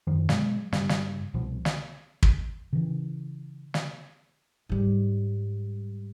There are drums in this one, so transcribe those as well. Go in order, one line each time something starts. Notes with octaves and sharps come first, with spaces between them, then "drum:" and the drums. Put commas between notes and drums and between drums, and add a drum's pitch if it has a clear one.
F#2 D#3 F3
B2 F#3 G#3, drum: snare
G2 C#3 G3, drum: snare
drum: snare
C2 B2 F3
drum: snare
drum: kick
C#3 E3
drum: snare
G#2 G3